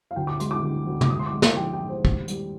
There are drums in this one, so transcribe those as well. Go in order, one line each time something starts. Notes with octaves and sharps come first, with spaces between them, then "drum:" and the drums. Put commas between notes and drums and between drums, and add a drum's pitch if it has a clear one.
F5
D2 G5
D6
G#3 C6, drum: hi-hat
D6
D3
D2
D6, drum: tom
G#2 D#6
C6
D6
G#3
C6, drum: snare
F3 G5
G5
G#2
C5
D#2, drum: kick
G3, drum: hi-hat